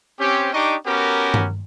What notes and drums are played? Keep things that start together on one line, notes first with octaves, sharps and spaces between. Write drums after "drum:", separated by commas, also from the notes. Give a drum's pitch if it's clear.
C4 C#4 G4
D4 D#4 G4 D#5 C#6 D6
B3 C#4 F#4 G4 A#4
drum: tom G2